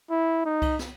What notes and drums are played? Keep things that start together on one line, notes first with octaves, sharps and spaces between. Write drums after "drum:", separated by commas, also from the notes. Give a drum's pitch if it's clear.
E4
D#4
drum: kick C2, cymbal
drum: snare